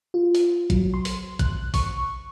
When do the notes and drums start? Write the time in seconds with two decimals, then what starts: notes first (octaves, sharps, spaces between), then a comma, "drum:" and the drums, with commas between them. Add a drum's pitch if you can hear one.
0.14 F4
0.35 drum: open hi-hat
0.70 F#3, drum: kick A1, hi-hat
0.94 C6
1.05 drum: open hi-hat
1.39 F#6, drum: kick A1, hi-hat
1.74 C#6, drum: kick A1, open hi-hat